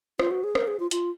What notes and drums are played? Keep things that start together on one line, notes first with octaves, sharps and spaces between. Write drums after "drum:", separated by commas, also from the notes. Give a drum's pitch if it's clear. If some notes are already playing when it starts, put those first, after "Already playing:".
F4, drum: rim click
F#4
G#4
A#4, drum: rim click
G#4
F4
F4, drum: hi-hat